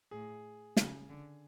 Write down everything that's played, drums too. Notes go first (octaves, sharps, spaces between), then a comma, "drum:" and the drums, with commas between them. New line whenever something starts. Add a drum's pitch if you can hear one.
A2 G#4
C#3, drum: snare
D3